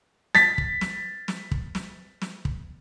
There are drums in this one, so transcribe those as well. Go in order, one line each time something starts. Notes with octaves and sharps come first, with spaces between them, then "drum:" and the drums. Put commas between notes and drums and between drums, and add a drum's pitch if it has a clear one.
A6 B6, drum: snare
drum: kick
drum: snare
drum: snare
drum: kick
drum: snare
drum: snare
drum: kick